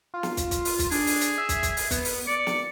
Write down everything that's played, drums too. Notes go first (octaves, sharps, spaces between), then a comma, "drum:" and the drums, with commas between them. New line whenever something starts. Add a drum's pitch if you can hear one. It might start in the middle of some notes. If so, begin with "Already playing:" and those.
F4
drum: snare
drum: kick, hi-hat
drum: kick, hi-hat
drum: open hi-hat
drum: kick, hi-hat
D4 G#4, drum: open hi-hat
drum: open hi-hat
drum: hi-hat
E5
drum: kick, hi-hat
drum: kick, hi-hat
drum: open hi-hat
B3, drum: kick, hi-hat
drum: open hi-hat
D5 C#7
drum: snare